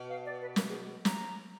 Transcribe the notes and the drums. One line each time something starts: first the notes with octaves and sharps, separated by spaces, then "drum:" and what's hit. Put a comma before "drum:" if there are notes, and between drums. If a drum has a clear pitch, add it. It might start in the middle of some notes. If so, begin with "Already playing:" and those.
Already playing: B2
F5
D5
B4
A#4, drum: snare
G#4
A#5, drum: snare